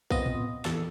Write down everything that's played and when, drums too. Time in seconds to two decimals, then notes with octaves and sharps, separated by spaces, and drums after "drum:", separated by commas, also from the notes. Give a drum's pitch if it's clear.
0.11 B3 C4 F4 D#5, drum: kick
0.26 drum: tom A2
0.65 E2 A4, drum: snare